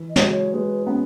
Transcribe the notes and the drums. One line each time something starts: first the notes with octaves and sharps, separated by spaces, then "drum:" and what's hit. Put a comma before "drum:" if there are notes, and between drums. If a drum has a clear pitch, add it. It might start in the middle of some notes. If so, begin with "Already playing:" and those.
Already playing: E3
D#5
G#3, drum: snare
F#3
C#5
G#3 B4
B3 C#4